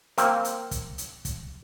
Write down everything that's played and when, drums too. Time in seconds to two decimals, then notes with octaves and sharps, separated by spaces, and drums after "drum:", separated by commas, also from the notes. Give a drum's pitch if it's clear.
0.18 A#3 C4, drum: hi-hat
0.45 drum: hi-hat
0.71 drum: kick, hi-hat
0.98 drum: hi-hat
1.25 drum: kick, hi-hat